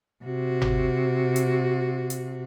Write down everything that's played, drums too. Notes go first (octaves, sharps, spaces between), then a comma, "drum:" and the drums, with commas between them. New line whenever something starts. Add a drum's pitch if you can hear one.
C3 F#4
drum: tom G1
drum: hi-hat
drum: hi-hat